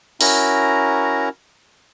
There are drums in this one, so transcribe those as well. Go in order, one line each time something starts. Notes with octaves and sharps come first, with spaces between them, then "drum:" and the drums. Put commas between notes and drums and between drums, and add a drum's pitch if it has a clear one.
C#4 E4 F#4 A#4 A#5, drum: open hi-hat